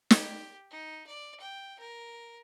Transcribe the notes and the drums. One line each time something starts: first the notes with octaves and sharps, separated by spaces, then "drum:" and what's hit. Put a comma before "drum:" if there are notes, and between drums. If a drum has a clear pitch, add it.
G4, drum: snare
D#4
D5
G5
A#4